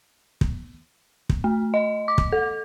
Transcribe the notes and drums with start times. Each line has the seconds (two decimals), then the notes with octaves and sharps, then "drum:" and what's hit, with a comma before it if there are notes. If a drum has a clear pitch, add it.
0.41 drum: kick
1.29 drum: kick
1.44 A3
1.74 D#5
2.08 D6
2.18 drum: kick
2.32 A4